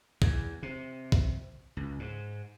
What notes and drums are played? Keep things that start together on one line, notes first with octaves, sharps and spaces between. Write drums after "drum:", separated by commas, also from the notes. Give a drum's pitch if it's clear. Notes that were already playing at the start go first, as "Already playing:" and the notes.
E2, drum: kick
C3
drum: kick
C#2
G#2